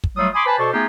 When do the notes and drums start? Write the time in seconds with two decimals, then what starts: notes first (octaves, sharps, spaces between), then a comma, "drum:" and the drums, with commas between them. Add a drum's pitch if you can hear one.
0.04 drum: kick
0.16 F#3 G3 A3 F4 D#6 E6
0.34 G#5 B5 C6 D6 D#6
0.45 B4 C5 G#5 A5 B5
0.58 B2 A4 C5 D5 A5 C#6
0.73 A3 B3 D#4 F4 G4 G#4